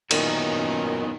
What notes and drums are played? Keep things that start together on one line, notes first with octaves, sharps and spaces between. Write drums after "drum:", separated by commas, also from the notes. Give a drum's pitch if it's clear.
F#2 A#2 D#3 B3 C#4 E4, drum: cymbal